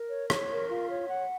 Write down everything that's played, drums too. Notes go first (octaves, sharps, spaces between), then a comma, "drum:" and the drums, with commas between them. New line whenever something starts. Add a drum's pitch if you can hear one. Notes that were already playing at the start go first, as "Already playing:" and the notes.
Already playing: A#4
C#5
C#5, drum: rim click
A#4
F4
C#5
F#5